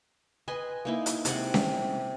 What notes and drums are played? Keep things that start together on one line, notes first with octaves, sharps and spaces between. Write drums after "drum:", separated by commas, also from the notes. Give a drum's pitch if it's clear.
B4 D#5 G#5 C6
A#3 D#4 E4
drum: hi-hat
C3 G#3 G4 F#5, drum: hi-hat
drum: snare C#4